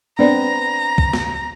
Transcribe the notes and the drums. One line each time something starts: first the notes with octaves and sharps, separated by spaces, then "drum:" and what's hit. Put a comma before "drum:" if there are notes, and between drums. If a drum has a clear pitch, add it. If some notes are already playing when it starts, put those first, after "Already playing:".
B3 C4 D4 D5 A#5
drum: kick
drum: snare